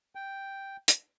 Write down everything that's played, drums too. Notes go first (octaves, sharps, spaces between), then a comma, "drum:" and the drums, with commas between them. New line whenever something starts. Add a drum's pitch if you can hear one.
G5
drum: hi-hat